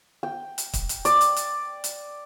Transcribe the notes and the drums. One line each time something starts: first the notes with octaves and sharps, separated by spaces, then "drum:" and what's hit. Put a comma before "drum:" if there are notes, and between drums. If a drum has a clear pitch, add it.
G5
drum: hi-hat
drum: kick, hi-hat
drum: hi-hat
D5, drum: hi-hat
drum: hi-hat
drum: hi-hat
drum: hi-hat